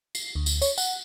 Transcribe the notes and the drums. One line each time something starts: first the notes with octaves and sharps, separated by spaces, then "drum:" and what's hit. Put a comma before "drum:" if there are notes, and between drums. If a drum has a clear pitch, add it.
C7, drum: tambourine
D2
drum: tambourine
C#5, drum: tambourine
F#5, drum: tambourine